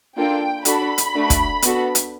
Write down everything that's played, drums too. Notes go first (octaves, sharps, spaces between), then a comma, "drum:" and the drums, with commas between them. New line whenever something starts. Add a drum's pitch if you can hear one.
A#3 D4 F4 A4 G5
D4 F#4 A4 B5, drum: hi-hat
drum: hi-hat
A3 D4 F#4 A4
drum: kick, hi-hat
B3 D4 F#4 A4, drum: hi-hat
drum: hi-hat